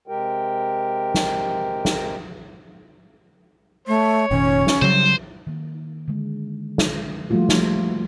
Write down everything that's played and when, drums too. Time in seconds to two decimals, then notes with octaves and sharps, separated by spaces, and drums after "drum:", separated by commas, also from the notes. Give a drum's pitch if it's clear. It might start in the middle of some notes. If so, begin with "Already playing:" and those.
0.08 C3 G#3 G4 A#4 G5
1.14 drum: snare
1.85 drum: snare
3.87 A3 C#5
4.31 F1 A#2 D#3 C#4
4.67 drum: snare
4.82 C#3 F#3 G3 C5
5.47 D#3 A#3
6.08 D3 G#3
6.78 drum: snare
7.30 F3 G3 A3 A#3 F4 F#4
7.49 drum: snare